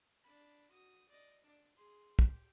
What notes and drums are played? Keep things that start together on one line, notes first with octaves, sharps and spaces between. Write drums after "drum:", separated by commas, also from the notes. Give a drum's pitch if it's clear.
D4 B5
F#4 D#6
D5 D#5
D4
G#4 C6
G4, drum: kick